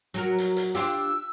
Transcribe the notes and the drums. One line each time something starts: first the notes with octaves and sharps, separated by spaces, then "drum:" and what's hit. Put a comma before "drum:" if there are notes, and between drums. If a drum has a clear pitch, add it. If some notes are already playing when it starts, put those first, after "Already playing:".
F#3 F#4 A#4
drum: hi-hat
drum: hi-hat
D4 F4 G4 E6, drum: hi-hat